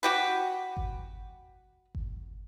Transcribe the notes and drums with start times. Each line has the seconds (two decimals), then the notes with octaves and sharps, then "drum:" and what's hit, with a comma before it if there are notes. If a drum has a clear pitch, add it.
0.03 F#4 G4 B4
0.77 drum: kick G1
1.95 drum: kick G1